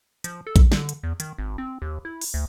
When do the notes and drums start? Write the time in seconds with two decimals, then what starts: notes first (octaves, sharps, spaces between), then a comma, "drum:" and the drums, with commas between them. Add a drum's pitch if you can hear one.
0.24 F3, drum: hi-hat
0.47 A4
0.56 drum: kick A#1, hi-hat
0.72 D3, drum: snare
0.89 drum: hi-hat
1.03 E2
1.20 D#3, drum: hi-hat
1.38 G#1
1.58 C4
1.82 D#2
2.05 E4
2.21 drum: open hi-hat
2.34 D2